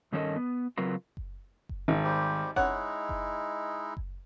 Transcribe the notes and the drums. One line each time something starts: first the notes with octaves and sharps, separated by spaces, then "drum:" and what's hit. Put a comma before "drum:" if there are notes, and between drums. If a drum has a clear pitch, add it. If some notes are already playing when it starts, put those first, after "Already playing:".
G2 D#3 C#4 A4 A#4 D#5
B3
C#3 F#3 C4 F4 A#4 B4
drum: kick F#1
drum: kick F#1
G#1
G3 G4 C5
G#3 D#4 E4 C#5 F#5, drum: kick F#1
drum: kick F#1
drum: kick F#1